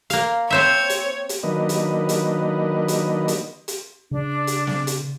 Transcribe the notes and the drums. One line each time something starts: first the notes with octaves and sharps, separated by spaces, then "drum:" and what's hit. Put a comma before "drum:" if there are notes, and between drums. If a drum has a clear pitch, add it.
A#3 F5, drum: hi-hat
C4 C5 C#5 E5
drum: hi-hat
drum: hi-hat
D#3 F#3 A#3 D4 B4 D#5
drum: hi-hat
drum: hi-hat
drum: hi-hat
drum: hi-hat
drum: hi-hat
C#3 D4
drum: hi-hat
drum: snare
drum: hi-hat